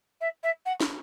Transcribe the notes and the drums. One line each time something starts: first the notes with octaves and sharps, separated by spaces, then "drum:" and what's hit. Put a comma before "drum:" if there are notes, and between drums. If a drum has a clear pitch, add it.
E5
E5
F#5
drum: snare